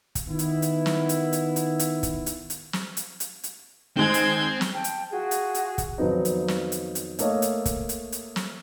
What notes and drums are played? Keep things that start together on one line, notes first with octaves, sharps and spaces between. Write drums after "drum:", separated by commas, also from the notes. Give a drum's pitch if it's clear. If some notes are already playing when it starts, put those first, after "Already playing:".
drum: kick, hi-hat
D#3 B3 E4
drum: hi-hat
drum: hi-hat
drum: snare
drum: hi-hat
drum: hi-hat
drum: hi-hat
drum: hi-hat
drum: kick, hi-hat
drum: hi-hat
drum: hi-hat
drum: snare
drum: hi-hat
drum: hi-hat
drum: hi-hat
D#3 G#3 C4 G6 G#6
drum: hi-hat
drum: snare
G5 A5
drum: hi-hat
F4 F#4 G#4
drum: hi-hat
drum: hi-hat
drum: kick, hi-hat
F2 D#3 F3 F#3 B3 D#4
drum: hi-hat
drum: snare
drum: hi-hat
drum: hi-hat
A3 A#3 C#5 D#5, drum: hi-hat
drum: hi-hat
drum: kick, hi-hat
drum: hi-hat
drum: hi-hat
drum: snare